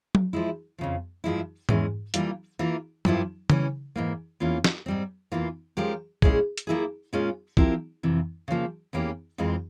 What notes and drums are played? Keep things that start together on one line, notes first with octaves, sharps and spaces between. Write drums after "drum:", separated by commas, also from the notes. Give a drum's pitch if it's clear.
drum: tom F#3
F3 G#3 E4
F2 C#3 F3
G2 F3 G#3 E4
E2 E3 G#3 C#4, drum: tom G#2
E3 G3 A#3 F4, drum: hi-hat
E3 A#3 F4 A#4
G2 F3 A#3 E4 G4, drum: tom F#3
E3 G3 C#4, drum: tom C#3
G#2 E3 A#3
E2 E3 A#3 C#4 F4
drum: snare
G#2 G3 C4
E2 E3 A#3 F4
F3 G#3 C#4 G4 A#4
A#2 G#3 C#4 E4 G#4, drum: kick
drum: hi-hat
F3 A#3 E4 G#4
A#2 G#3 C#4 F4
F3 C4 E4 G4 A#4, drum: kick
F2 C3 E3
C#3 F3 A#3
E2 E3 A#3 C#4 G4
F2 E3 G#3 C4 F4